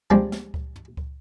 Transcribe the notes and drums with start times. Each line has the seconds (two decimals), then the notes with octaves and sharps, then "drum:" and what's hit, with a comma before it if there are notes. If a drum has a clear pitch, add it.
0.10 F3 G3 G#3 C4 D4, drum: kick C#2
0.32 drum: snare
0.54 drum: kick C#2
0.76 drum: tom
0.97 drum: kick C#2